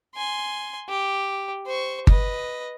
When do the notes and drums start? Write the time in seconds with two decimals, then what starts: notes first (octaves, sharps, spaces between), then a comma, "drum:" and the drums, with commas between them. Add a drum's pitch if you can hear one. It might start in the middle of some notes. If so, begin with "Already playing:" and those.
0.16 G#5 C6
0.89 G4
1.66 C5 C#6
2.07 B4 D#5, drum: kick G1